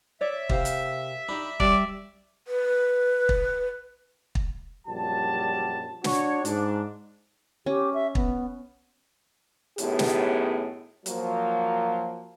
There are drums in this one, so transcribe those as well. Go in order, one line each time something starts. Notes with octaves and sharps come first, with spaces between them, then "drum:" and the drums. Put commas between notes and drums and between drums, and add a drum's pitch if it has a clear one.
C#5 D5 E5
C3 A#4 C5 F5, drum: kick
drum: hi-hat
D4 D#4 G4 B5
G3 C#4 D5, drum: kick
B4
drum: kick
drum: kick
A#1 F#2 G3 F#4 A5
D4 F#4 C#5, drum: snare
G#2 D4, drum: hi-hat
C#4 G4
E5
B3, drum: kick
F#2 A2 D#3 B3 G4 G#4, drum: hi-hat
drum: snare
F3 F#3 A#3, drum: hi-hat